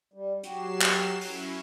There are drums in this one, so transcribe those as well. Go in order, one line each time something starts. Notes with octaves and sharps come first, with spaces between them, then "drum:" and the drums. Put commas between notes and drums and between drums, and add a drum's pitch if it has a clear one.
G3
F#3 F#4 G4 C7 E7, drum: hi-hat
drum: clap
C#4 E4 F#4, drum: open hi-hat